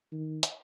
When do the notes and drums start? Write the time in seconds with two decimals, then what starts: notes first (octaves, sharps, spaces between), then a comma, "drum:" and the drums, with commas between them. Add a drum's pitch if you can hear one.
0.12 D#3
0.43 drum: hi-hat